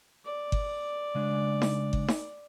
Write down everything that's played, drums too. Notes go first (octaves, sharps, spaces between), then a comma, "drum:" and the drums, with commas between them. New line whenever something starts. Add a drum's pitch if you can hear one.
D5
drum: kick G1
C#3 G#3 D4
drum: snare D#4
drum: kick G1
drum: snare D#4